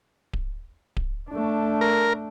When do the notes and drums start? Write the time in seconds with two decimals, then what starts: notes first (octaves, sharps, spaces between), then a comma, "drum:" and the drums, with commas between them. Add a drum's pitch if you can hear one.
0.33 drum: kick D1
0.97 drum: kick D1
1.30 A3 D4
1.81 A#4